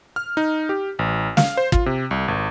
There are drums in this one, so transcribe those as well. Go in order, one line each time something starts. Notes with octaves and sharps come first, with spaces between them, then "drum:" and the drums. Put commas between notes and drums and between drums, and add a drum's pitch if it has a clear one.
F6
D#4
G4
A1
F5, drum: snare
C5
F4, drum: kick
C3
C2
G#1